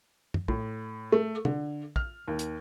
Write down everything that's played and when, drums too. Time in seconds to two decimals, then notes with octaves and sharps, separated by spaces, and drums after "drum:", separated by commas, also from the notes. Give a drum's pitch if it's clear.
0.34 drum: tom
0.48 A2, drum: kick
1.12 A3
1.45 D3, drum: tom
1.96 F6, drum: kick
2.28 D#2
2.39 drum: hi-hat